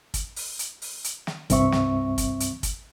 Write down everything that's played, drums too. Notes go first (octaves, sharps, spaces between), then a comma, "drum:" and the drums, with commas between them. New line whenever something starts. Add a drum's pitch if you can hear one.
drum: kick, hi-hat
drum: open hi-hat
drum: hi-hat
drum: open hi-hat
drum: hi-hat
drum: snare
C2 G2 C4 E5 C#6, drum: kick, hi-hat
drum: snare
drum: kick, hi-hat
drum: hi-hat
drum: kick, hi-hat